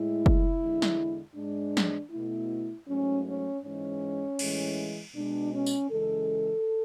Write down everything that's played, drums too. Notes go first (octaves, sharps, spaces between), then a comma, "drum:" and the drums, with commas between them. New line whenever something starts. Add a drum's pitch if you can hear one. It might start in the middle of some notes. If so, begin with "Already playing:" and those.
Already playing: A2 G#3 E4
drum: kick F#1
E2 D3 G#3
drum: snare
G#2 G#3 D4
drum: snare
A3 E4
B2
G#2 F#3 A3 C#4
C#4
G#2 E3 G#3 C#4
A2 E3 G#3, drum: cymbal
B2 G#3 D4
C#4
drum: tambourine
F#2 C#3 E3 G#3 A4